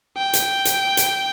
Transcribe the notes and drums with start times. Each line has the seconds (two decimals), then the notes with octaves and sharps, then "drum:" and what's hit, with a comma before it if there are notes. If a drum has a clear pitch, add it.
0.18 G5
0.33 drum: hi-hat
0.65 drum: hi-hat
0.97 drum: hi-hat